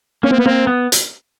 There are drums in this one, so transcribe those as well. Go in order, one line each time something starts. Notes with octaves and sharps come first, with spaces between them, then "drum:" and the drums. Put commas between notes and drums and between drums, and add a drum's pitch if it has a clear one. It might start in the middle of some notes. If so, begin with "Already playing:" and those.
A#3 C#4
C4
B3
A#3 C4
B3
drum: hi-hat